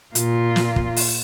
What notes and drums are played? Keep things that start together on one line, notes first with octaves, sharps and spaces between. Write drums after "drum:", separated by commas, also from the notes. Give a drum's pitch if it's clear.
A#2 F4, drum: hi-hat
drum: snare
drum: kick
drum: open hi-hat